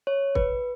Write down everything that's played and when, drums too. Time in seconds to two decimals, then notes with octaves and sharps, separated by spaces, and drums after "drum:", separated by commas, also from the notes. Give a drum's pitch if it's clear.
0.07 C#5
0.35 B4, drum: kick